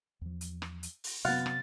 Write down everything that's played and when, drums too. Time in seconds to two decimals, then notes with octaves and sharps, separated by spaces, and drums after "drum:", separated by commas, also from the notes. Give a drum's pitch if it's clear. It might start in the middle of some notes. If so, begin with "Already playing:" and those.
0.21 E2 F3
0.41 drum: hi-hat
0.62 drum: rim click
0.83 drum: hi-hat
1.04 drum: open hi-hat
1.25 F#2 C3 B3 F5 F#5 A6
1.46 drum: rim click